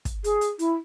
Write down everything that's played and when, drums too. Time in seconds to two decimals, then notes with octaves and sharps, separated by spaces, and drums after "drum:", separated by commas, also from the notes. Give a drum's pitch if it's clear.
0.05 drum: kick, hi-hat
0.24 G#4, drum: hi-hat
0.41 drum: hi-hat
0.59 E4, drum: hi-hat